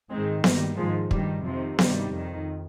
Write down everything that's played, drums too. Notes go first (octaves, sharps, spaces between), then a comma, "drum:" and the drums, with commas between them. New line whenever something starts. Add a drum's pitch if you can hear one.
G#2 D#3 G#3 C4
G2 D#3 G3 A#3, drum: snare B3
G#2 D#3 F3 G#3
G2 D#3 G3, drum: kick
F2 C3 D#3 F3
G2 D#3 G3, drum: snare B3
F2 D#3